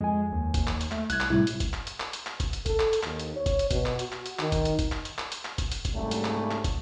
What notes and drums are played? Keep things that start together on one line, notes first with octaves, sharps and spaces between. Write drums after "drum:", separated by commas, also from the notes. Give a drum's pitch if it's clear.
F2 G#3 G#5
D#2
drum: kick, hi-hat
drum: clap
drum: hi-hat
A3, drum: clap
C2 F#6 G#6, drum: hi-hat
drum: clap
A2 C3 G3 E4
drum: hi-hat
drum: kick, hi-hat
drum: clap
drum: hi-hat
drum: clap
drum: hi-hat
drum: clap
drum: kick, hi-hat
drum: hi-hat
A4, drum: kick, hi-hat
drum: clap
drum: hi-hat
D#2, drum: clap
drum: hi-hat
C#5
drum: kick, hi-hat
drum: hi-hat
B2, drum: kick, hi-hat
drum: clap
F#4, drum: hi-hat
drum: clap
drum: hi-hat
D#3, drum: clap
drum: kick, hi-hat
drum: hi-hat
drum: kick, hi-hat
drum: clap
drum: hi-hat
drum: clap
drum: hi-hat
drum: clap
drum: kick, hi-hat
drum: hi-hat
drum: kick, hi-hat
C2 G#2 C#3 F#3 G3 A3
drum: hi-hat
drum: clap
drum: clap
drum: kick, hi-hat